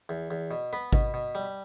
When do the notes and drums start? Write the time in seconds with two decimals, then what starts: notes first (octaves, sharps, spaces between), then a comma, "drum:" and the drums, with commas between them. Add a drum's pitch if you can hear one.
0.09 E2
0.31 E2
0.51 B2
0.73 B3 B4
0.93 B2, drum: kick G#1
1.14 B2
1.35 G3